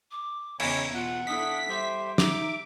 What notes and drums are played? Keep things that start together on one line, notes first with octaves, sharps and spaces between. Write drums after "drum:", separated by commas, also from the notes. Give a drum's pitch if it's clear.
D6
E2 C#3 C#5 D#5 G#5 B5, drum: cymbal
B2 F4 F#5
D4 E4 A4 D#6 B6
G3 G4 C5 E5
D#4 E5 D6, drum: snare